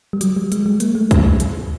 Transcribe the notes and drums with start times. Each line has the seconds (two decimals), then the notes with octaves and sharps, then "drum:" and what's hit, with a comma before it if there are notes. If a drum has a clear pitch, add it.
0.13 G3
0.21 F#3, drum: hi-hat
0.36 G3
0.52 G#3, drum: hi-hat
0.66 G#3
0.80 A#3, drum: hi-hat
0.95 A3
1.11 G3, drum: kick, hi-hat
1.25 G3
1.40 drum: hi-hat